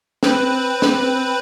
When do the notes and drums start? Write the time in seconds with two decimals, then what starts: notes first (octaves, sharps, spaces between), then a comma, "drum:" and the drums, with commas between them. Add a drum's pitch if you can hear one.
0.23 C4 B4, drum: snare
0.82 drum: snare